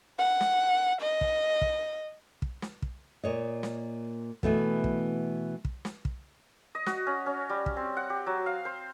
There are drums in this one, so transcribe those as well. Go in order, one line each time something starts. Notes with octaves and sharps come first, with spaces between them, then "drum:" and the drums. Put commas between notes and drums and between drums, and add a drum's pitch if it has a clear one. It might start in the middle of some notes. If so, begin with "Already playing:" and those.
F#5
drum: snare
D#5
drum: kick
drum: kick
drum: kick
drum: snare
drum: kick
A#2 C#5 D#5
drum: snare
B2 E3 A3 B3, drum: kick
drum: kick
drum: kick
drum: snare
drum: kick
D#5
F#4, drum: snare
C#4
C#4
G3
drum: kick
C4
F#5
G4
F#3
F5
C5